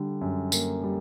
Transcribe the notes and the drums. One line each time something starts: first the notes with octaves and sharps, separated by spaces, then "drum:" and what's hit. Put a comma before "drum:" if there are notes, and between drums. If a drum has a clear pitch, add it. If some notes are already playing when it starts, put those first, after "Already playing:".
Already playing: D3 G3
F#2
A#3, drum: tambourine
G3